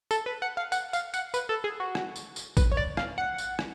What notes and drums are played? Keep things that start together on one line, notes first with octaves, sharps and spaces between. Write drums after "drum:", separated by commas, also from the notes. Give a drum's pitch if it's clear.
A4, drum: tambourine
B4
F#5
F5
F#5, drum: tambourine
F5, drum: tambourine
F#5, drum: tambourine
B4, drum: tambourine
A4
G#4
F#4
drum: rim click
drum: tambourine
drum: tambourine
B4, drum: kick A1, tambourine
C#5
D5
F5, drum: rim click
F#5
drum: tambourine
drum: rim click